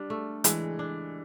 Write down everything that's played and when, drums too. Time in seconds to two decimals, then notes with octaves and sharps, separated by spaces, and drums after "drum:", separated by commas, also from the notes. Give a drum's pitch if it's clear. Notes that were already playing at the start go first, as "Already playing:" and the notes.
Already playing: G3 D4
0.10 A3
0.44 E3 G#3, drum: hi-hat
0.79 D4